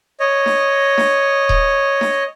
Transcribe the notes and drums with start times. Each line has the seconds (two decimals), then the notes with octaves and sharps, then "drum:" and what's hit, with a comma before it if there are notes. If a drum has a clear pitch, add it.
0.20 C#5 D#5
0.46 drum: snare D4
0.98 drum: snare D4
1.49 drum: kick D#1
2.01 drum: snare D4